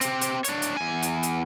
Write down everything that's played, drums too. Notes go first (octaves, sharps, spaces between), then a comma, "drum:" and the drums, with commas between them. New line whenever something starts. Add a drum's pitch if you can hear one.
C4 G4, drum: hi-hat
drum: hi-hat
D4 C#5, drum: hi-hat
drum: hi-hat
E2 G#5
drum: hi-hat
drum: hi-hat